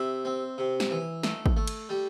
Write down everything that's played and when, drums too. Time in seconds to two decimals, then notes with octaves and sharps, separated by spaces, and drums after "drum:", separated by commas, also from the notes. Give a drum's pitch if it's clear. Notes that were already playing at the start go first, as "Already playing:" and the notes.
Already playing: C3 E5
0.25 C4
0.58 C3
0.80 drum: snare
0.91 E3
1.23 A3, drum: snare
1.46 drum: kick
1.57 A3
1.67 drum: cymbal
1.89 G3